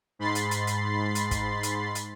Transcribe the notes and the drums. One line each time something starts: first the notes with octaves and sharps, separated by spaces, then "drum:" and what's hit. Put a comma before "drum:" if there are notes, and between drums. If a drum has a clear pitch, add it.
G#2 B5 C6 A6 C7
drum: hi-hat
drum: hi-hat
drum: hi-hat
drum: hi-hat
drum: kick, hi-hat
drum: hi-hat
drum: hi-hat